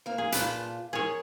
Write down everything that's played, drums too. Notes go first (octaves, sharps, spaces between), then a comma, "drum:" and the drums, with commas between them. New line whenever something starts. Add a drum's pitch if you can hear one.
A#3 F5
G#4
A#2 F4 B4 A5, drum: hi-hat
G#4 A#4 C#5